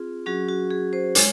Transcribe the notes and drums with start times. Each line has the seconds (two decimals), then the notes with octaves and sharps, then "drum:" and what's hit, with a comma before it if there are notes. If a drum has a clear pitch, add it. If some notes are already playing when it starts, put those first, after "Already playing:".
Already playing: C4 F4 G#4
0.26 F#3 C#4 F#4 G#4
0.49 F#4
0.71 G#4
0.93 C5
1.15 G#3 C#5, drum: hi-hat